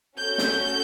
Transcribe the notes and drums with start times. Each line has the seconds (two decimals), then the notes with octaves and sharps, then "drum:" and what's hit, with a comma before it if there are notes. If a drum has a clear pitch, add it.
0.17 C#4 F#4 A4 G6
0.38 drum: snare